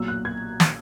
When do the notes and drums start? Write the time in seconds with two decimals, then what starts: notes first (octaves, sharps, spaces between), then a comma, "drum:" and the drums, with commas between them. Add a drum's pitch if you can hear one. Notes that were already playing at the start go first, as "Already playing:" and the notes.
Already playing: B1 A#2 F#3 E6
0.08 F#6
0.25 G#6
0.60 drum: snare